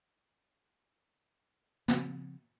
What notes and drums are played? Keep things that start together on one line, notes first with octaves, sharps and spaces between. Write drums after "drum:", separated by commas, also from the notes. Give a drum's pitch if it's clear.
C#3 F3 C4, drum: snare